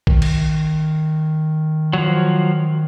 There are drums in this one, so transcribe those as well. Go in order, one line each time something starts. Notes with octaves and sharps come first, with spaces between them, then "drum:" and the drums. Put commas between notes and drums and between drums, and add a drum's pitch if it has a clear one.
D#3, drum: kick A#1
drum: cymbal
F3 F#3